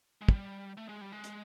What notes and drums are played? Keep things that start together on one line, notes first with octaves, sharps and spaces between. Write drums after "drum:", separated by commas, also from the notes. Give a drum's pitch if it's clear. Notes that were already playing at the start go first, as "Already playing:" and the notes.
G#3
G3, drum: kick
A3
G#3
G3
G#3
drum: hi-hat